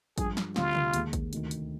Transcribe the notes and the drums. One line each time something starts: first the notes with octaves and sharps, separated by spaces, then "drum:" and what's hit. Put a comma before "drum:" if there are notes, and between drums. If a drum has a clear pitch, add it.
G2 F3 G#3 D4 G#4, drum: kick A1, hi-hat
drum: snare
D2 D3 G3 C4 F4, drum: snare
drum: tom
D#2 D#3 G#3, drum: hi-hat
drum: kick A1, hi-hat
D2 C3 D#3, drum: hi-hat
drum: hi-hat